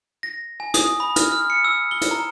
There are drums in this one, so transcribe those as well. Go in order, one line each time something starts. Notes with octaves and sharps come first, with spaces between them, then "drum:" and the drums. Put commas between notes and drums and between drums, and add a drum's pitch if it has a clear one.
A#6
G#5
D#6, drum: hi-hat
B5
F6, drum: hi-hat
F6
C#7
E6
G7
drum: hi-hat
A#5